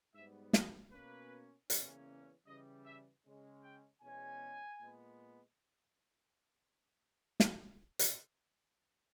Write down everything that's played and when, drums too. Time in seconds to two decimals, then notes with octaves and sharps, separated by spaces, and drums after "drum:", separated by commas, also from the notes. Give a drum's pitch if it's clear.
0.15 G#2 G3 B3 E5
0.53 D#5, drum: snare
0.92 B2 A#3 C#4 B4
1.70 E2 C#3 E3 A#3 C#4, drum: hi-hat
2.47 C#3 E3 G3 D#5
2.86 E5
3.25 C#3 G#3 C#4
3.63 G5
4.02 E2 B2 G#3 C#4 G#5
4.80 A#2 G#3 B3
7.40 drum: snare
7.99 drum: hi-hat